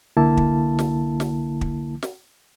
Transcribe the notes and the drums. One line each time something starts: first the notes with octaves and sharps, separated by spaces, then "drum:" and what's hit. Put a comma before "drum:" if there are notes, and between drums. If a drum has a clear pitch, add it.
C2 D3 A#3 E4 A5
drum: kick
drum: snare
drum: snare
drum: kick
drum: snare